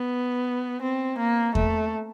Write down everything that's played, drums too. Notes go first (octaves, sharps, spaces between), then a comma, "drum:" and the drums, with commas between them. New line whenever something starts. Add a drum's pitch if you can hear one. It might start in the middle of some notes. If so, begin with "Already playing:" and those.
Already playing: B3
C4
A#3
A3, drum: kick E2